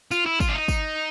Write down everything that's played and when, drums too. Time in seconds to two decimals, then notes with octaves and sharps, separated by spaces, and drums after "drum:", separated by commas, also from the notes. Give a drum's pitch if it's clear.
0.11 F4, drum: tambourine
0.26 E4
0.40 F4, drum: kick, tambourine
0.49 D4
0.54 D#4
0.68 drum: kick, tambourine